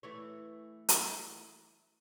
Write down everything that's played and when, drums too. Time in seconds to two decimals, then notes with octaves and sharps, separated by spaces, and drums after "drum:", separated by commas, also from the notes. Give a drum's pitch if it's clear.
0.03 E3 A3 C#5
0.89 drum: hi-hat